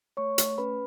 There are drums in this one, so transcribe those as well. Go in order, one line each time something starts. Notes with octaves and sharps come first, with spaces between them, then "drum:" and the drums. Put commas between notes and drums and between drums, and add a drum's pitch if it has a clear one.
A3 C#5 C#6
A3, drum: hi-hat
C#4 B4 B5